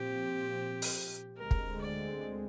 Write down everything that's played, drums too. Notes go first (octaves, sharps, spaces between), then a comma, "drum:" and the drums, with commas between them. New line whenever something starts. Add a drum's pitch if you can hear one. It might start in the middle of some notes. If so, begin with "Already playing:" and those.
Already playing: A#2 F3 C4 G4
drum: open hi-hat
D2 D3 G#3 C4 A#4
drum: kick
D5